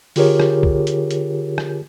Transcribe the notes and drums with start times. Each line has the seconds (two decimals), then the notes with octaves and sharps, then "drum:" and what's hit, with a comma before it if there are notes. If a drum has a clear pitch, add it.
0.16 D3 F4 G4 G#4 A#4 C#5, drum: open hi-hat
0.40 drum: rim click
0.63 drum: kick
0.87 drum: hi-hat
1.11 drum: hi-hat
1.58 drum: rim click